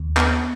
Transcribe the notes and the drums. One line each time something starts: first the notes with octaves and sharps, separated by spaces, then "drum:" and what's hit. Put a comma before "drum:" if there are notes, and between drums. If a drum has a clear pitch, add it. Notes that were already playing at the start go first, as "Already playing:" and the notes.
Already playing: D#2
B3, drum: clap